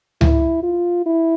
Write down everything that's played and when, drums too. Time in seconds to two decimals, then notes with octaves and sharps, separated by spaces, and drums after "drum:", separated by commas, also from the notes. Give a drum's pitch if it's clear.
0.21 E4, drum: tom C#2
0.63 F4
1.06 E4